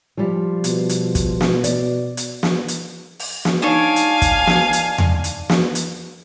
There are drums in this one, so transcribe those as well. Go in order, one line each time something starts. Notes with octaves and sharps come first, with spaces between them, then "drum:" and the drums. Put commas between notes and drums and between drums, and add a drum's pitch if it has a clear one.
F3 G3
B2, drum: hi-hat
drum: hi-hat
drum: kick, hi-hat
drum: snare
D5, drum: hi-hat
drum: hi-hat
drum: snare
drum: hi-hat
drum: open hi-hat
drum: snare
D4 D#4 C#5 F5 G#5
drum: hi-hat
drum: kick, hi-hat
drum: snare
drum: hi-hat
drum: tom E2
drum: hi-hat
drum: snare
drum: hi-hat